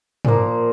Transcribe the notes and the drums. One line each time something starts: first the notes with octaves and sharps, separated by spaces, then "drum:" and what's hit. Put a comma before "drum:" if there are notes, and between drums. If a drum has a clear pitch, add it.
A#2 F3 A#3, drum: tom